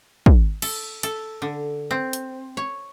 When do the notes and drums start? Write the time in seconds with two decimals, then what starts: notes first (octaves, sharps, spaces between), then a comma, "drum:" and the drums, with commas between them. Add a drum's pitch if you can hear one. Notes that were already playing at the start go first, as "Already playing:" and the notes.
0.26 drum: kick
0.62 A4, drum: cymbal
1.03 A4, drum: hi-hat
1.42 D3
1.91 C4
2.13 drum: hi-hat
2.57 C#5